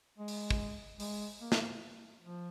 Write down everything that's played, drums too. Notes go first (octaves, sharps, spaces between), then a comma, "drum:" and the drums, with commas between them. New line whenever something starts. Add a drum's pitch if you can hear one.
G#3
drum: open hi-hat
drum: kick
G#3, drum: open hi-hat
A#3
drum: snare
F3